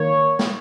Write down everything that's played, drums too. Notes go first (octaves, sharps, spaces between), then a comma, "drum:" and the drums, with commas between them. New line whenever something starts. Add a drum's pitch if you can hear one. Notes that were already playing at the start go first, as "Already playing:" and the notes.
Already playing: D#3 A#3 C#5
drum: snare